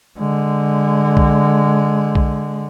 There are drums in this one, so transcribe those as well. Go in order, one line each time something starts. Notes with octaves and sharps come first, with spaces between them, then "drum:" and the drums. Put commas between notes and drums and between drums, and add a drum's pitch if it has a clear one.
D3 G#3
drum: kick B1
drum: kick B1